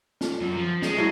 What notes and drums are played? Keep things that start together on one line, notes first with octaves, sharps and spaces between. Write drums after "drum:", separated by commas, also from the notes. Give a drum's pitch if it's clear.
F4, drum: snare
F#2
F3
G#3 G#4, drum: snare
A2 F#3 A3